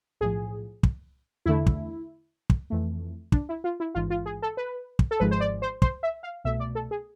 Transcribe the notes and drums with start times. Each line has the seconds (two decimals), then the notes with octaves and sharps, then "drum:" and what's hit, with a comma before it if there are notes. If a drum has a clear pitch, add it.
0.21 B1 A2 F3 G#4
0.83 drum: kick
1.46 E2 D3 A3 E4
1.66 drum: kick
2.50 drum: kick
2.70 F2 E3 A3
3.32 D4, drum: kick
3.49 E4
3.64 F4
3.80 E4
3.95 A1 G#2 E3 F4
4.10 F4
4.26 G#4
4.42 A4
4.57 B4
4.99 drum: kick
5.11 A4
5.20 G#1 G#2 F3 G#3 B4
5.31 C5
5.40 D5
5.62 C5
5.82 C5, drum: kick
6.03 E5
6.23 F5
6.44 C2 B2 A3 E5
6.60 D5
6.75 A4
6.91 G#4